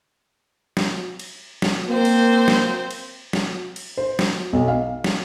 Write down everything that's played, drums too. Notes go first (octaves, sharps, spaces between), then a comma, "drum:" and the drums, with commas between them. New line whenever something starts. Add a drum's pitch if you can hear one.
drum: snare
drum: cymbal
drum: snare
A#3 C4 C5
drum: cymbal
drum: snare
drum: cymbal
drum: snare
drum: cymbal
C5
drum: snare
B1
F5
drum: snare